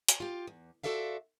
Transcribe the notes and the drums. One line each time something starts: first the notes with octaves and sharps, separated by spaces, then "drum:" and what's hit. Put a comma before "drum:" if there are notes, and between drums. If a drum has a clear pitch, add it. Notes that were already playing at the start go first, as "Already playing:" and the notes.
drum: hi-hat
F4 G4
E2
F4 F#4 A4 D5 E5 F5